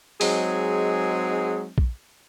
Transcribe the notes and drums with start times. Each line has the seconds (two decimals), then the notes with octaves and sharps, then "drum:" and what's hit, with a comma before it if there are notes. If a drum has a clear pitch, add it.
0.21 F#3 G#3 C4 D#4 G#4, drum: open hi-hat
1.78 drum: kick A#1